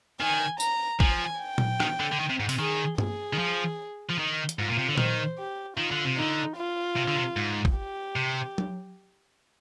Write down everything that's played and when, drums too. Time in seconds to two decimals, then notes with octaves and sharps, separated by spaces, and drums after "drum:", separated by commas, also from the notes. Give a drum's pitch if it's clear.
0.21 D#3 G#5
0.60 A#5, drum: tambourine
1.00 F3 G#5, drum: kick
1.41 G5
1.58 drum: tom A#2
1.80 D#3, drum: rim click
2.00 D3
2.12 D3
2.19 D#3
2.29 C3
2.40 G#2
2.49 C3, drum: open hi-hat
2.59 D#3 G#4
2.98 G#4, drum: tom G2
3.33 D#3
3.39 F3
4.09 F3
4.18 D#3
4.49 drum: hi-hat
4.58 G#2 F4
4.69 A#2
4.78 C3
4.88 D3
4.98 D#3 C5, drum: tom A#2
5.38 G4
5.77 D#3 F4
5.91 D3
6.05 C3
6.17 D3 D#4
6.56 F4
6.96 C3
7.08 D3
7.16 C3
7.36 G#2
7.65 drum: kick
7.76 G4
8.16 C3
8.58 drum: tom F#3